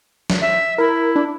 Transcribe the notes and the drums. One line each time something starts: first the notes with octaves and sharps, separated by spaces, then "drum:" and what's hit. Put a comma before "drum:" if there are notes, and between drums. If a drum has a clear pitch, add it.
drum: snare
E5
E4 A#4
D4